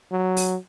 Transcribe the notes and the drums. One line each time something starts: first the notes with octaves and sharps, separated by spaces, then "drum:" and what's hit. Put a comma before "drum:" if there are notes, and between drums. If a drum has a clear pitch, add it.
F#3
drum: open hi-hat